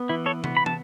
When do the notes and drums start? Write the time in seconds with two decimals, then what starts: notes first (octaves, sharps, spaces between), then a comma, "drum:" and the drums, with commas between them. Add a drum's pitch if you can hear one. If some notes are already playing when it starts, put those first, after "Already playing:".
Already playing: B3
0.09 E3 E4
0.26 A4 C#5
0.44 B3, drum: tom
0.57 B5
0.66 A5, drum: tom